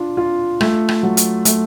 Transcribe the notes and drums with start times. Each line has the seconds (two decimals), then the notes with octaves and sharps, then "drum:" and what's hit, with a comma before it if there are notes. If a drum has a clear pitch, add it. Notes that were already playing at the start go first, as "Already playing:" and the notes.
Already playing: D4 F4
0.17 F4
0.61 A3, drum: rim click
0.89 drum: rim click
1.03 F#3
1.17 drum: hi-hat
1.45 A3, drum: hi-hat